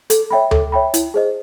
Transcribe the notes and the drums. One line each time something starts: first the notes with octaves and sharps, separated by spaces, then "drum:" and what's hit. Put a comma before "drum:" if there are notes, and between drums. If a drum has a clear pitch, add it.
A4, drum: hi-hat
C#5 E5 G5 B5
A4, drum: tom D2
C#5 E5 G5 B5
E4, drum: hi-hat
G#4 C5 D#5